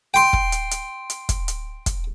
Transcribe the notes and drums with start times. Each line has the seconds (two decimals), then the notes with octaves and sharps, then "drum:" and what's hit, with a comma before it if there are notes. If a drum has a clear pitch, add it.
0.14 G5 C6
0.33 drum: kick
0.52 drum: hi-hat
0.71 drum: hi-hat
1.10 drum: hi-hat
1.29 drum: kick, hi-hat
1.48 drum: hi-hat
1.86 drum: kick, hi-hat